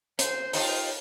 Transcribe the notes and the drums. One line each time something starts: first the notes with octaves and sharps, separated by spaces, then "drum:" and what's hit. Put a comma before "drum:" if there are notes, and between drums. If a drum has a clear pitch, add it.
C5, drum: hi-hat
D#4 F4 G4, drum: open hi-hat